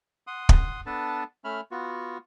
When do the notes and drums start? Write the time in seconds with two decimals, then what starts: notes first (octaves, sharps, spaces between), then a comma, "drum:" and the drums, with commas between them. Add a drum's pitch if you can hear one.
0.27 F#5 C6 D#6
0.49 drum: kick
0.86 B3 D4 A4 B4 A5
1.44 A3 C#4 E5 B5 F6
1.71 B3 F4 F#4